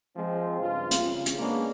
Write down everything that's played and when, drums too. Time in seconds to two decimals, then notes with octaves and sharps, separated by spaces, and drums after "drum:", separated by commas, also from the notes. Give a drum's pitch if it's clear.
0.17 F3 G#3 C4
0.60 G2 C#3 F4
0.91 drum: hi-hat
1.05 C#3
1.26 drum: hi-hat
1.39 G#3 A#3 B3 C#4 D4